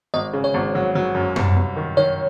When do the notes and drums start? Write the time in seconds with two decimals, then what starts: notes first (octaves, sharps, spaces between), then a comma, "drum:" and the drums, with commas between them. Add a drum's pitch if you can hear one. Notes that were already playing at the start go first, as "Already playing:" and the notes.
0.14 G#1 D#5
0.33 C#3
0.44 C#5
0.54 G#1
0.75 F#3
0.95 F#3
1.15 F#2
1.36 C2, drum: tom F#2
1.56 C2
1.76 D#3
1.97 D#3 C#5